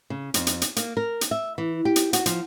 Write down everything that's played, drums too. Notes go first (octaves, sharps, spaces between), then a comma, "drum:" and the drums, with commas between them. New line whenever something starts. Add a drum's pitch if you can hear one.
C#3
F2, drum: hi-hat
drum: hi-hat
drum: hi-hat
A#3, drum: hi-hat
A#4
drum: hi-hat
E5
E3
G4
drum: hi-hat
F#4, drum: hi-hat
F3, drum: hi-hat